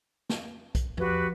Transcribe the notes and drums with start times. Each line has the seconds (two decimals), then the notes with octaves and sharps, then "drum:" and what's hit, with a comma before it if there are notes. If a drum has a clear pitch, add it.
0.30 drum: snare
0.75 drum: kick B1, hi-hat
0.97 F3 F#4 G4 B4, drum: tom E2